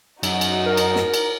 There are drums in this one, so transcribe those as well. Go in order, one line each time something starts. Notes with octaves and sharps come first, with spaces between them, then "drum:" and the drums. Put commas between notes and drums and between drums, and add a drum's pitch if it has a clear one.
F#2 D#4 F#4, drum: cymbal
drum: cymbal
A#4
drum: cymbal
drum: snare
drum: cymbal